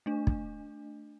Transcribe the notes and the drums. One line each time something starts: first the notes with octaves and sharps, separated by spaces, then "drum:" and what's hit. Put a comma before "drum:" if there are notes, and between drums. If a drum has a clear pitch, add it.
A3 D4
drum: kick